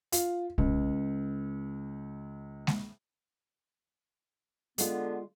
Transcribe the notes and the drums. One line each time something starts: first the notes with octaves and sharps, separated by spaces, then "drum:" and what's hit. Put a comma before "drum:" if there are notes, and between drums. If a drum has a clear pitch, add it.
F4, drum: hi-hat
C#2, drum: kick B1
drum: snare G#3
D3 G#3 B3 F4, drum: hi-hat